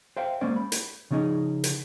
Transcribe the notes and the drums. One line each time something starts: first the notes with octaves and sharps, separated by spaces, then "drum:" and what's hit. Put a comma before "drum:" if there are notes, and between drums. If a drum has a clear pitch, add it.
C5 E5 F5 G5
G#3 A#3 C#4 C5 D5
B5
drum: hi-hat
C#3 F3 C#4 D#4 G#4
drum: hi-hat